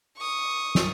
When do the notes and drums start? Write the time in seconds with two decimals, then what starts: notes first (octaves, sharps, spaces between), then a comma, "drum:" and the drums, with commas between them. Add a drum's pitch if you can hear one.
0.18 C#6 D#6
0.75 drum: snare